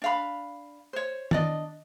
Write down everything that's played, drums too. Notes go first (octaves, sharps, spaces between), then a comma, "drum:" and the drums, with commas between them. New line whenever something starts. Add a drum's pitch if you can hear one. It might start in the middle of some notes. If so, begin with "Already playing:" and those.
D4 F5 B5
C5 C#5
D4 D5 D#5, drum: tom D#3